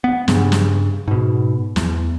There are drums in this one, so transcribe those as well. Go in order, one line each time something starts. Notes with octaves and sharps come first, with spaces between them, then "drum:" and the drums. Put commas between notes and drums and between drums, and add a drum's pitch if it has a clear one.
B3
G2 C#3, drum: snare
drum: snare
G#2 B2
E2, drum: snare